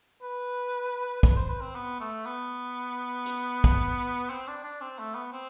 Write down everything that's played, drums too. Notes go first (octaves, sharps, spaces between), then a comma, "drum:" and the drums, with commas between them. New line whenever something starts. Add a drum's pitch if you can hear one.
B4
B4, drum: kick
C5
B4
C4
B3
A3
B3
drum: hi-hat
drum: kick
C4
D4
D4
C4
A3
B3
C4